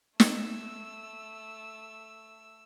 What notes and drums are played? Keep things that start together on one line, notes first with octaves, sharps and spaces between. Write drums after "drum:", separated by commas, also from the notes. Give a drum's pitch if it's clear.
A3 E6, drum: snare